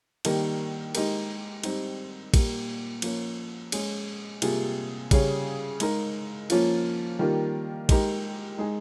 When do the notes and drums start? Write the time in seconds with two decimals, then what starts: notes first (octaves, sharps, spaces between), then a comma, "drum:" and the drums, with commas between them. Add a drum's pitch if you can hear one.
0.25 D#3 G3 A#3 D#4 A#4, drum: cymbal
0.95 G#3 D#4 G4 A#4, drum: cymbal
1.63 G3 C4 D#4, drum: cymbal
2.34 A#2 G3 A#3, drum: kick A1, cymbal
3.02 F3 A#3 C#4, drum: cymbal
3.72 G#3 C#4 G#4, drum: cymbal
4.42 C3 G3 A#3 F4 G#4, drum: cymbal
5.11 C#3 G3 C#4 G#4, drum: kick A1, cymbal
5.80 G#3 D#4 A#4, drum: cymbal
6.50 F3 A#3 C#4 F4, drum: cymbal
7.19 D#3 G3 A#3 F4 A#4
7.89 G#3 D#4 G4 A#4, drum: kick A1, cymbal
8.58 G#3 D#4 G#4